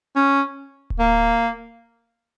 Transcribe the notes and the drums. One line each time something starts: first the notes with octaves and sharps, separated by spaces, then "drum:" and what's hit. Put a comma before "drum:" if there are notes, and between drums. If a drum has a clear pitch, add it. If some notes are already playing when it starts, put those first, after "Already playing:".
C#4
drum: kick D1
A#3